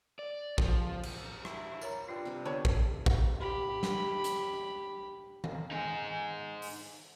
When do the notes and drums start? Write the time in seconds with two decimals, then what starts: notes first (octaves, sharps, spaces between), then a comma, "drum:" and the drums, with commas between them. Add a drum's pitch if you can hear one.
0.19 D5
0.58 F3, drum: kick A1
1.03 drum: cymbal
1.45 E4, drum: rim click
1.81 A#4 C#5 A#5, drum: tambourine
2.09 G2 F4 G5
2.25 C3 G3
2.45 D3 B3 D4 C#5 E5 B5
2.65 drum: kick A1
3.06 drum: kick A1
3.40 G4 B5
3.83 drum: snare
4.24 drum: hi-hat
5.44 drum: tom D#3
5.71 D#4 G#4
6.62 drum: open hi-hat